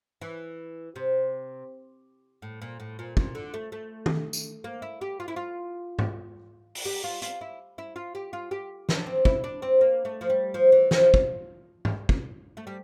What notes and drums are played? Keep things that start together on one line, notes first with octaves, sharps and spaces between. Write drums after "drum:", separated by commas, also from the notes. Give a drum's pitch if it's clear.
E3
C3
A2
A#2
A2
A#2
A#2, drum: kick
D3
A3
A3
drum: tom D#3
drum: tambourine
A#3
E4
G4
F4
E4
F4
drum: tom G#2
drum: open hi-hat
G4
F4
F4, drum: hi-hat
E4
E4
F4
G4
F4
G4
D4, drum: snare
C4
E4, drum: kick
D4
C4
A#3
A3
F3
G3
F3
E3
F3, drum: snare
drum: kick
drum: tom G#2
drum: kick
A3
G3